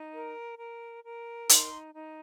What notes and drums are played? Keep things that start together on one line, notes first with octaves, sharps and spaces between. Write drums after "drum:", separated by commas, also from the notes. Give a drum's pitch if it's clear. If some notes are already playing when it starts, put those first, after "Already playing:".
Already playing: D#4
A#4
A#4
A#4
D#4 C6, drum: hi-hat
D#4